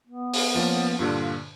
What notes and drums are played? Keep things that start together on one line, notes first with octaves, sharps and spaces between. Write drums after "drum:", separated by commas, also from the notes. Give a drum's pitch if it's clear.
B3
drum: open hi-hat
F3 A#3 C#4
G2 A#2 D3 F4